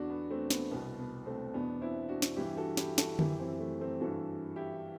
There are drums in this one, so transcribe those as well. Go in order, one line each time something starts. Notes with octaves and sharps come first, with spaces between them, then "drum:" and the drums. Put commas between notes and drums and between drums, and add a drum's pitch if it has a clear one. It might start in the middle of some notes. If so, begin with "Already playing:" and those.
Already playing: E2 D3 D4 F#4
B3
A3 C4
B3, drum: snare
C2 B2 B3
B3
A3 C4
E2 B2 B3 D4
C4 E4
D4 F#4
drum: snare
G2 E3 E4 G4
F#4 A4
E4 G4, drum: snare
F#4 A4, drum: snare
F#2 E3 E4 G4, drum: tom D3
C4 E4
A3
A3 C4
G2 E3 F#4 A4
E4 G4